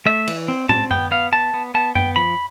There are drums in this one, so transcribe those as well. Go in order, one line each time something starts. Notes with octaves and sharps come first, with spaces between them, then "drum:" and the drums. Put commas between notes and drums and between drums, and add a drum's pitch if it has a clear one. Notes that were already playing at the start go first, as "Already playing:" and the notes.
A3 E5
E3, drum: cymbal
C4
C4 A5, drum: tom
B3 G5, drum: tom F#2
B3 F5
B3 A5
B3
B3 A5
B3 G5, drum: tom F#2
F3 B5